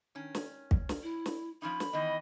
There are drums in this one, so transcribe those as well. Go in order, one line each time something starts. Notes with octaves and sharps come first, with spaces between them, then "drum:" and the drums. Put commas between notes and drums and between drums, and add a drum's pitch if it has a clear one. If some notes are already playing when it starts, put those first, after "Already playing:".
D#3 C#4
drum: snare
drum: kick
drum: snare
E4
drum: snare
F3 C#4 D#4 B5
drum: snare
D#3 E3 B3 D#5